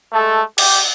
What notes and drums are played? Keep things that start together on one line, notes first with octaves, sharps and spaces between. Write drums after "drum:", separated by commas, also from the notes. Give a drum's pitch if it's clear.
G#3 A3 A4
G4, drum: cymbal